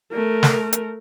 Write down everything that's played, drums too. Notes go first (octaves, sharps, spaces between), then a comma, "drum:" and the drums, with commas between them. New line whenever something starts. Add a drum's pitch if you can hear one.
A3 A#4
drum: snare
drum: hi-hat